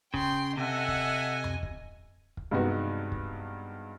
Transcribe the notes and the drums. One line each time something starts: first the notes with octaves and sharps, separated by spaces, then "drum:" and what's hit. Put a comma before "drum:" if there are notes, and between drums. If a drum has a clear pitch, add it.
C#3 G5 C6, drum: kick
C3 A4 D#5 E5 F#5 G#5
drum: kick
drum: tom F2
drum: kick
drum: kick
G2 C3 G#3 B3 D#4 F#4
drum: kick